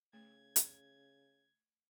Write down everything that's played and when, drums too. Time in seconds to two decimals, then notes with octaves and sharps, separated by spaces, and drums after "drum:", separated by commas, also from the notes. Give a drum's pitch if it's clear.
0.13 C#3 A3 G#6
0.56 drum: hi-hat